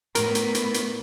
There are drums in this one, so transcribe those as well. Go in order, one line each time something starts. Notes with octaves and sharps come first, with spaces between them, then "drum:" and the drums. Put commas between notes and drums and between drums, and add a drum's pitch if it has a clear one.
A2 B3 A#4, drum: hi-hat
drum: hi-hat
drum: hi-hat
drum: hi-hat